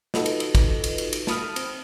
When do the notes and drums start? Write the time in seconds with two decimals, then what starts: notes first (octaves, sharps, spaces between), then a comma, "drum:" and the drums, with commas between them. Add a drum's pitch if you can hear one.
0.14 D#4 F4 F#4 A4 B4 D#5, drum: snare
0.26 drum: cymbal
0.40 drum: cymbal
0.55 drum: kick, cymbal
0.84 drum: cymbal
0.98 drum: cymbal
1.13 drum: cymbal
1.27 A5 B5 D#6 F6, drum: snare
1.56 C4, drum: cymbal